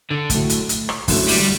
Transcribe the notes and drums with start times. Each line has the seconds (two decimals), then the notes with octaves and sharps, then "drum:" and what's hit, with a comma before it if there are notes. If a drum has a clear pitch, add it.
0.11 D3
0.30 A2 F#3 A3, drum: kick, hi-hat
0.50 drum: hi-hat
0.69 drum: hi-hat
0.89 drum: rim click
1.08 F#2 D3 A3 E4, drum: kick, open hi-hat
1.28 G3, drum: open hi-hat
1.40 G3